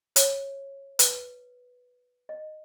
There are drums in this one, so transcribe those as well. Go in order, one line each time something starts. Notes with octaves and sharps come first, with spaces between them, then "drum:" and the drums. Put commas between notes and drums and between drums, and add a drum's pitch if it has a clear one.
C#5, drum: hi-hat
B4, drum: hi-hat
D#5